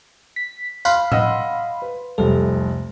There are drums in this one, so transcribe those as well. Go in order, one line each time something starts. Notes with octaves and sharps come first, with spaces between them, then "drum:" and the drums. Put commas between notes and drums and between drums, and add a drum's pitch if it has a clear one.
B6
F5 B5 C6 F#6, drum: tambourine
D#5 F#5 E6, drum: tom A2
B4
F1 C2 A4